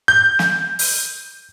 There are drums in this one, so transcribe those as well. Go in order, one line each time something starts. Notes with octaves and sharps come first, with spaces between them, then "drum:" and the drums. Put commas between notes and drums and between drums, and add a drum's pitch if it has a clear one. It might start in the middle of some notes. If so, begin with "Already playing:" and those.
G6
drum: snare
drum: open hi-hat